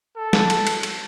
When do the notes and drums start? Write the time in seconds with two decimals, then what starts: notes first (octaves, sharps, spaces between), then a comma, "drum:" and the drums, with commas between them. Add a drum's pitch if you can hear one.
0.16 A4
0.33 drum: snare
0.50 drum: cymbal
0.67 drum: cymbal
0.83 drum: cymbal